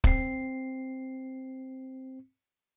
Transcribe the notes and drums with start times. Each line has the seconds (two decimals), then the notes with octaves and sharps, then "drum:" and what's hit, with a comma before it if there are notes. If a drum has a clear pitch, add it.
0.04 C4 C7, drum: kick